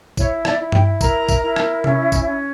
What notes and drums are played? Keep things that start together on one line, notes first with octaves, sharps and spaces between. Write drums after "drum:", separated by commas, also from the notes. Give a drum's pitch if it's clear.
E4 C#5, drum: kick, tambourine
D5, drum: rim click
E4
G5, drum: tom G2
A#4 A#5, drum: kick, tambourine
drum: kick, tambourine
E4
drum: rim click
C#4, drum: tom C3
drum: kick, tambourine
C#4